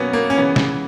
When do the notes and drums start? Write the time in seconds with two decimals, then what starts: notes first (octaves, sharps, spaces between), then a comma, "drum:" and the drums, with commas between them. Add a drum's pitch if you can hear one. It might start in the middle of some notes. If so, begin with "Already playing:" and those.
Already playing: B2 F#3 A#3 B3 C#4
0.13 A#3
0.30 C#4
0.37 C#3 E3 B3
0.56 drum: snare